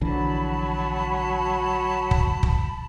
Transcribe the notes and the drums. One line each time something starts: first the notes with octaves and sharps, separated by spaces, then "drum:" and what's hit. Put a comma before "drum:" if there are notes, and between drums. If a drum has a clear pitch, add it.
A#1 D3 E3 F#3 A5 B5
drum: kick
drum: kick